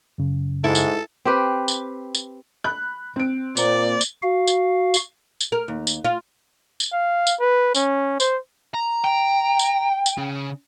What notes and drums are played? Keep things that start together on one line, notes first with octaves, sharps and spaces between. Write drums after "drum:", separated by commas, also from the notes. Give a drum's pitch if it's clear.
F#2 C#3
G#2 E4 A4
drum: tambourine
C4 G4 B4
drum: tambourine
drum: tambourine
B5 F#6
C4 D7
A#2 A#3 C5 D5, drum: tambourine
drum: tambourine
F#4 F5
drum: tambourine
drum: tambourine
drum: tambourine
A#4
D#2
drum: tambourine
F4
drum: tambourine
F5
drum: tambourine
B4
C#4, drum: tambourine
C5, drum: tambourine
A#5
G5
drum: tambourine
drum: tambourine
C#3 C#4